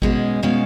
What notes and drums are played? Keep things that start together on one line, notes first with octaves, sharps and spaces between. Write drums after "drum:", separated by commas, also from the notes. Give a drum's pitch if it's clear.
B2 G#3 C#4, drum: kick G#1
B2 G#3 C#4 F5